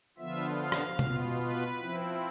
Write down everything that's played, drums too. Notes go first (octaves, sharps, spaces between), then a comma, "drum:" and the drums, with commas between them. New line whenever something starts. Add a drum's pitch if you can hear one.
D3 F3 B3 F4 E5
F5
drum: rim click
B2 B3 F4, drum: tom C3
B4
F3 C4 E4